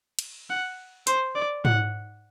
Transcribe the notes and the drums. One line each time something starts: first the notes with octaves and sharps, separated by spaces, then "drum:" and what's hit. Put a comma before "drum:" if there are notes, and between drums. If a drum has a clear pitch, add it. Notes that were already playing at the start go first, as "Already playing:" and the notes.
drum: cymbal
F#5
C5, drum: hi-hat
D5
F#5, drum: tom G#2